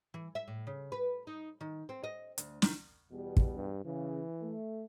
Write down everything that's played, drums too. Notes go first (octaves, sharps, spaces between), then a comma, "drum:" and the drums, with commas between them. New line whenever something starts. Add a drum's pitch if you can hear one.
E3
E5
A2
C#3
B4
D#4
D#3
C4
D#5
D2, drum: hi-hat
D#3, drum: snare
E2 B2 G3
drum: kick
G2
C#3 E3
A3